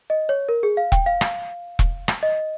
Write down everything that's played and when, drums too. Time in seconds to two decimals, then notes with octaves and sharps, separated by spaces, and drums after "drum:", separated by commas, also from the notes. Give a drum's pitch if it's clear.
0.10 D#5
0.29 C#5
0.49 A#4
0.63 G#4
0.77 F5
0.92 G5, drum: kick E1
1.06 F5
1.21 drum: rim click
1.79 drum: kick E1
2.08 drum: rim click
2.23 D#5